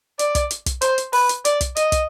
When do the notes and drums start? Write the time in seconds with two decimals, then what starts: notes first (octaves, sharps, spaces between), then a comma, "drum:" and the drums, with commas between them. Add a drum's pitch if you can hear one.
0.19 D5, drum: hi-hat
0.35 drum: kick, hi-hat
0.51 drum: hi-hat
0.66 drum: kick, hi-hat
0.81 C5, drum: hi-hat
0.98 drum: hi-hat
1.13 B4, drum: open hi-hat
1.29 drum: hi-hat
1.45 D5, drum: hi-hat
1.61 drum: kick, hi-hat
1.76 D#5, drum: hi-hat
1.92 drum: kick, hi-hat